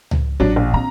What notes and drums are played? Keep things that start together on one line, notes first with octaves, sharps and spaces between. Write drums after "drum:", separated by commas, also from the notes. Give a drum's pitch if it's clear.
drum: tom C#2
A1 F#3 D4
A#1
C4 A#5